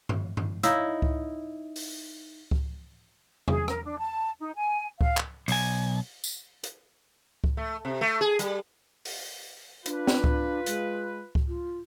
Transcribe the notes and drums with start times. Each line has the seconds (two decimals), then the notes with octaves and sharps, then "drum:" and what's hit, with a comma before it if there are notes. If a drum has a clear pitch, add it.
0.09 drum: tom G2
0.37 drum: tom G2
0.63 D#4 E4 C#5 F5 E6, drum: hi-hat
1.02 drum: kick C#2
1.76 drum: open hi-hat
2.51 drum: kick C#2
3.48 G#4, drum: tom E2
3.68 A#4, drum: rim click
3.85 D4
4.00 A5
4.40 D#4
4.54 G#5
5.01 F5, drum: kick C#2
5.17 drum: clap
5.48 B1 G#5, drum: open hi-hat
6.24 drum: tambourine
6.64 drum: hi-hat
7.44 drum: kick C#2
7.57 A3
7.85 C3
8.01 A3
8.21 G#4
8.39 G3, drum: hi-hat
9.05 drum: open hi-hat
9.86 D4 F4 B4, drum: hi-hat
10.07 drum: snare
10.24 drum: kick C#2
10.66 G#3, drum: hi-hat
11.35 drum: kick C#2
11.48 F4